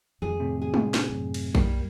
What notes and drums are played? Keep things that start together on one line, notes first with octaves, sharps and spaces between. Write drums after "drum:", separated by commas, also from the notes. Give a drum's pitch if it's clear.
F2 D#3 G#4
A2 C3
G#4
drum: tom G3
drum: snare
F#2
drum: cymbal
B1 G3 A#3, drum: kick A1